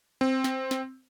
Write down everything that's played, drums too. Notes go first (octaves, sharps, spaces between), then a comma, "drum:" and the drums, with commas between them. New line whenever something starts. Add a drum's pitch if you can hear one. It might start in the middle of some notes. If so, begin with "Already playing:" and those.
C4
drum: snare
drum: snare